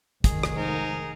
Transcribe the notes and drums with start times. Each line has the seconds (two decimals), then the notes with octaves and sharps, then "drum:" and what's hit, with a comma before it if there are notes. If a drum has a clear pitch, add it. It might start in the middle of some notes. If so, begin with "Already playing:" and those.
0.24 F1 D#3 G#4, drum: kick, hi-hat
0.43 drum: rim click
0.55 G#2 D#4 A#4